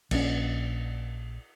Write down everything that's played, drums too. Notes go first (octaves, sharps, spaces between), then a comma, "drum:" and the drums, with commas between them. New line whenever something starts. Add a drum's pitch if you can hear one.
A#1 C#4, drum: cymbal